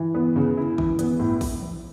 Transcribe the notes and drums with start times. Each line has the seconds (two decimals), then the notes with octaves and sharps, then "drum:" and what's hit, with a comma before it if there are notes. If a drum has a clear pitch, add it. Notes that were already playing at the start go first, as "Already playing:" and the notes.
Already playing: E3
0.15 B3
0.36 C#3
0.57 E4
0.78 E3, drum: kick
0.99 B3, drum: hi-hat
1.20 A2
1.41 drum: kick, open hi-hat
1.62 drum: tom E3